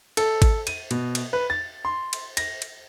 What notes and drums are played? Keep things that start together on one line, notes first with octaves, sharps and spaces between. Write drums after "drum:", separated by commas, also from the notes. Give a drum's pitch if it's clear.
A4, drum: cymbal
drum: kick G#1, cymbal
D#7, drum: cymbal
B2, drum: cymbal
drum: cymbal
B4
A6
C6
drum: cymbal
A#6, drum: cymbal
drum: cymbal